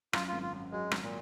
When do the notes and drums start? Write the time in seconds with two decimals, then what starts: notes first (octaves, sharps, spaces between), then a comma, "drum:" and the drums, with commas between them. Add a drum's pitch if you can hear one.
0.13 F#2 F4, drum: rim click
0.28 G#1 F4
0.42 F4
0.53 F#2
0.72 F#3 G#3
0.91 G#1, drum: rim click
1.02 A#2